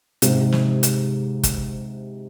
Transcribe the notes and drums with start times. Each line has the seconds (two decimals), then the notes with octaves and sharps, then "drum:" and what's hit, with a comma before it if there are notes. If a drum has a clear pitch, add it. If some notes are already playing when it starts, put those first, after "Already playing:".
0.22 G#2 C3, drum: hi-hat
0.52 drum: snare
0.83 drum: hi-hat
1.43 drum: kick, hi-hat